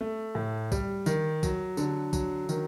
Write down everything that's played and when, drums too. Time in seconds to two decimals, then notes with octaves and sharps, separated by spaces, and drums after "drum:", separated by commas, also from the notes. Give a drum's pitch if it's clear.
0.01 A3
0.35 A2
0.72 G3, drum: kick A#1, tambourine
1.06 D#3, drum: tambourine
1.43 F#3, drum: kick A#1, tambourine
1.77 D3, drum: tambourine
2.13 F#3, drum: kick A#1, tambourine
2.49 D#3, drum: tambourine